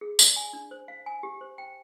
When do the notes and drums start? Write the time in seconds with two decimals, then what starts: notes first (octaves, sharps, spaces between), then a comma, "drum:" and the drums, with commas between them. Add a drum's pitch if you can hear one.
0.01 G#4
0.19 D5, drum: tambourine
0.36 G#5
0.53 D4
0.71 C5
0.88 F5
1.06 G#5
1.23 G4
1.41 C5
1.58 G5